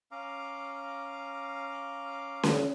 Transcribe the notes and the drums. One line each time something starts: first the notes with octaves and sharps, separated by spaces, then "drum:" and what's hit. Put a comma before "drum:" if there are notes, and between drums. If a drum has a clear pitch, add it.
C#4 F5 A#5 D6
drum: snare C#4